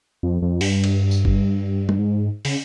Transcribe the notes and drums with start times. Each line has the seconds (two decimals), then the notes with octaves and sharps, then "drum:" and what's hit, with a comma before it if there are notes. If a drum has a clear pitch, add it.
0.23 F2
0.42 F2
0.61 G2, drum: open hi-hat
0.84 drum: cymbal
1.11 drum: tambourine
1.25 drum: kick G1
1.89 drum: tom
1.98 G#2
2.45 C#3, drum: open hi-hat